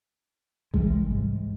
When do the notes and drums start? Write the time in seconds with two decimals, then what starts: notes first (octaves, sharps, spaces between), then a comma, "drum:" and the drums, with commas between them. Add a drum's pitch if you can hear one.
0.74 C2 E3 G3 G#3, drum: kick
1.11 G#2